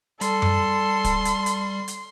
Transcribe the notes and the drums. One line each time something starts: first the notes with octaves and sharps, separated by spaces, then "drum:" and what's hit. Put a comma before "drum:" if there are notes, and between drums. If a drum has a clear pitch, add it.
G3 A4 C6, drum: hi-hat
drum: tom F#2
drum: kick, hi-hat
drum: hi-hat
drum: hi-hat
drum: hi-hat